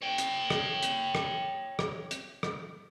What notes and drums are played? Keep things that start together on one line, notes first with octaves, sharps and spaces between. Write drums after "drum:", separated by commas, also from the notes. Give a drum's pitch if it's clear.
C#5 G5
drum: hi-hat
drum: rim click
drum: hi-hat
drum: rim click
drum: rim click
drum: hi-hat
drum: rim click